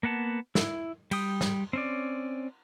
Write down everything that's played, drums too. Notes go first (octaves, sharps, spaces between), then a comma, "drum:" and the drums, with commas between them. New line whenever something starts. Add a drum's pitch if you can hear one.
A#3 B3 F#5 A5
E4, drum: snare
G3 G5 D#6, drum: cymbal
drum: snare
C4 C#4 D5